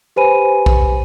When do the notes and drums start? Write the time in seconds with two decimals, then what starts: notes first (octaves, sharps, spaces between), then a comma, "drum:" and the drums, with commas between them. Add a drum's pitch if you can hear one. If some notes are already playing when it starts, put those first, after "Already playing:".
0.16 G4 B4 C5 G#5 B5 D#7
0.66 drum: kick